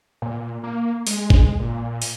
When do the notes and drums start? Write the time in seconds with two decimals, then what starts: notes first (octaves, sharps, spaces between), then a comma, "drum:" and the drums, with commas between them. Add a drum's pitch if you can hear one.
0.22 A#2
0.63 A#3
1.07 G#3, drum: open hi-hat
1.30 drum: kick G#1
1.60 A#2
2.02 drum: open hi-hat